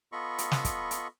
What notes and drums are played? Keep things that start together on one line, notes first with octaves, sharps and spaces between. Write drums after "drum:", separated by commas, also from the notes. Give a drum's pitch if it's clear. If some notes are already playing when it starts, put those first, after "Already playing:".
B3 F4 A4 D#5 B5 C#6
drum: hi-hat
drum: snare
drum: kick, hi-hat
drum: hi-hat